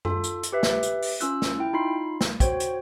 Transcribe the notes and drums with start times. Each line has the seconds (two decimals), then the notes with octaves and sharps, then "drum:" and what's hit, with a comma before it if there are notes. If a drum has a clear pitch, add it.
0.05 F4 A4, drum: tom F#2
0.23 drum: hi-hat
0.43 drum: hi-hat
0.52 G4 B4 E5
0.63 drum: snare
0.83 drum: hi-hat
1.02 drum: open hi-hat
1.21 C#4 F4 E6 F#6, drum: hi-hat
1.42 drum: snare
1.58 E4 G5
1.73 D#4 F4 B5 C7
2.21 drum: snare
2.40 F#4 C5 C#5 G5, drum: kick, hi-hat
2.60 drum: hi-hat